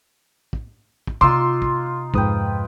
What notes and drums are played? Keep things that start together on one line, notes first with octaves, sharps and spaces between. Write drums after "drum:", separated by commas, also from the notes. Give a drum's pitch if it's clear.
drum: kick
drum: kick
C3 B3 D#4 F4 C6 D6 E6
drum: kick
F2 G#2 B4 G5 D#6, drum: kick